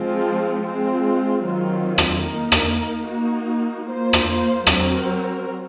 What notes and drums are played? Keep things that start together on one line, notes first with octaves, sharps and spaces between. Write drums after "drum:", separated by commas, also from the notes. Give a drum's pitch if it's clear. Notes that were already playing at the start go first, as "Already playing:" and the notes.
Already playing: F3 G#3 C4 F4
G#3 C4 F4
D#3 F#3 C4 F4
drum: rim click
A#3 D#4 A#4
drum: rim click
A#3 D#4 F#4
A#3 F4 C5
drum: rim click
F#3 C4 F#4 A#4, drum: rim click